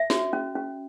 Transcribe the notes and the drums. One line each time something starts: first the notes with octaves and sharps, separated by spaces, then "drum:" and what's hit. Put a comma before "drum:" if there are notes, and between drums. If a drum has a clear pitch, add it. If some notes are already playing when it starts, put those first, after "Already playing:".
Already playing: E5
F#4, drum: snare
C#4
C#4